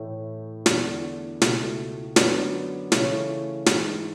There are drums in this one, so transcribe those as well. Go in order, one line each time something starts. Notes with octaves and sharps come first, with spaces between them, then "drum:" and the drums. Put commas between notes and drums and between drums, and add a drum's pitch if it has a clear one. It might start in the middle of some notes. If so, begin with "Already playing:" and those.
Already playing: A2 E3 A3 E4
E2 D3 A3 E4, drum: snare
C#2 B2 A3 E4, drum: snare
F#2 D3 F#3 B3 D4, drum: snare
C#3 E3 A3 C#4, drum: snare
G#2 E3 G#3, drum: snare